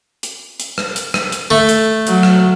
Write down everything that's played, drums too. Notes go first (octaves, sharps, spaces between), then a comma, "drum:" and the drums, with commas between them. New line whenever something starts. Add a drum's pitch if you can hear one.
drum: hi-hat
drum: hi-hat
drum: rim click
drum: hi-hat
drum: rim click
drum: hi-hat
A3
drum: hi-hat
F#3, drum: hi-hat
drum: rim click